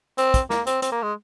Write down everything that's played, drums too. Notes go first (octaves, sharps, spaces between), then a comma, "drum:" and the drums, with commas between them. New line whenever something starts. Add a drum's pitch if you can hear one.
C4, drum: hi-hat
drum: kick, hi-hat
A#3, drum: snare
C4, drum: hi-hat
C4, drum: hi-hat
A#3
G#3